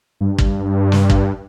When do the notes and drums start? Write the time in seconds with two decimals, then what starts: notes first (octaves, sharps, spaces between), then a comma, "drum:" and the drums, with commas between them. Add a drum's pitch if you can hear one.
0.21 G2
0.39 drum: kick
0.92 drum: snare
1.10 drum: kick